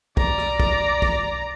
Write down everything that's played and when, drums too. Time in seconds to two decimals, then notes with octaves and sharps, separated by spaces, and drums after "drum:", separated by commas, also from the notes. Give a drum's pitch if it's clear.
0.17 D5 A#5, drum: kick
0.38 drum: rim click
0.60 drum: kick
1.02 drum: kick